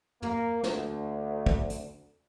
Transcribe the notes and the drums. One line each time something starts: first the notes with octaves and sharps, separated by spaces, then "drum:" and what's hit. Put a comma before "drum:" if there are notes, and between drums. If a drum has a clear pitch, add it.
A#3, drum: tom
D2, drum: snare
drum: kick
drum: hi-hat